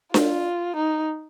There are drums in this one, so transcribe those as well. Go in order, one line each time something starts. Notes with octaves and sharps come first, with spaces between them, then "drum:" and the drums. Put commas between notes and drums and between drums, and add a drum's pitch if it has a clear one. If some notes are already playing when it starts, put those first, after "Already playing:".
F4, drum: snare D4
D#4